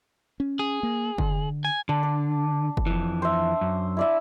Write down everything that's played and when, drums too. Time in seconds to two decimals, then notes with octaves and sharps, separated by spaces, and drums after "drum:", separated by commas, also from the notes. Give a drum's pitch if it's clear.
0.40 C#4
0.59 G#4
0.83 A#3
1.18 D3, drum: kick
1.65 G#5
1.89 D3 D4
2.03 D4
2.77 drum: kick
2.87 F2 E3
3.22 C5 E5
3.61 F#2
3.97 E4 D5 E5